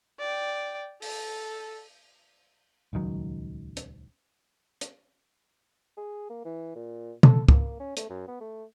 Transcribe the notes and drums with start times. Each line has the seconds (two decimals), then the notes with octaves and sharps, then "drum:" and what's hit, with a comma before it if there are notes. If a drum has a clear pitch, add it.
0.19 D5 G5
1.02 A4, drum: open hi-hat
2.93 D#1 C#2 D#3 F#3
3.77 drum: hi-hat
4.81 drum: hi-hat
5.97 G#4
6.30 A#3
6.45 E3
6.75 A#2
7.23 A4, drum: tom
7.49 A#3, drum: kick
7.80 C#4
7.97 A3, drum: hi-hat
8.10 F#2
8.28 B3
8.40 A3